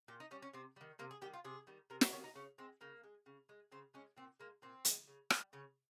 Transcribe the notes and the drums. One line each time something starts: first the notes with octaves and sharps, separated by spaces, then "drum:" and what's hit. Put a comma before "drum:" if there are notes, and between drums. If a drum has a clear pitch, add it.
A#2 G4
D#4
G3 C#4
C#4
C3 C4
D#3 G3
C3 A#3
G#4
D#3 G3 G4
F4
C3 G#4
D#3 G3
C3 A#4
C#5, drum: snare
D#3 G3 C#5
D#4
C#3 C#4
G#3 C4
C#3 A#3
G#3
C#3
G#3
C#3 C4
G#3 C#4
A#2 C4
G#3 A#3
A#2 C4
G#3, drum: hi-hat
C#3
G3, drum: rim click
C#3 C#4